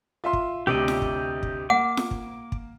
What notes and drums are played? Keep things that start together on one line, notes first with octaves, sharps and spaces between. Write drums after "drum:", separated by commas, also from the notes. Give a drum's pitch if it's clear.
F4 E5 C6
drum: kick
D2 C3 G4 D5 D#5
drum: snare
drum: kick
drum: kick
A#3 F#5 D6
drum: snare
drum: kick
drum: kick